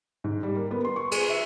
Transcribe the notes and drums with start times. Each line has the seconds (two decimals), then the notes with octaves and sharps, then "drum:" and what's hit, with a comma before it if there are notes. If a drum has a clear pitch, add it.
0.24 G#2
0.43 G3
0.55 A#3
0.71 B3
0.85 C6
0.96 C#6
1.12 G#4, drum: cymbal
1.30 E5